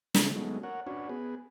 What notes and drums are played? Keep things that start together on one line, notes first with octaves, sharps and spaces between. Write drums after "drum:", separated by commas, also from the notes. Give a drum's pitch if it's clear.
C#3 E3 G#3 A3 C4 D4, drum: snare
F#3 G#3 A3 B3 C#4 D#4
A#4 C#5 F#5
C#4 D4 F#4 B4 C#5
B3 G#4 B4